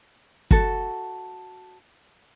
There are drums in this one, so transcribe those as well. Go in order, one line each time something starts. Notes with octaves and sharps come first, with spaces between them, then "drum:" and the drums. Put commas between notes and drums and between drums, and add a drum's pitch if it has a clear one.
F#4 A4, drum: kick